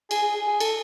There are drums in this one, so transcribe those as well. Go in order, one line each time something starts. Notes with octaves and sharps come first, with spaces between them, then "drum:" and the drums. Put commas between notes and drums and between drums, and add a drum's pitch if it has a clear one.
G#4, drum: cymbal
G#4
G#4
G#4
A4, drum: cymbal